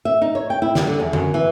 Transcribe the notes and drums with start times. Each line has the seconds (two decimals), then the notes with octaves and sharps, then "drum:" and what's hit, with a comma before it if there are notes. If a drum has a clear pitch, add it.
0.05 E5
0.22 D#4
0.35 C#5
0.50 G5
0.62 E4
0.75 G3, drum: snare
0.87 D3
1.00 E2
1.13 F#2, drum: tom D3
1.34 E3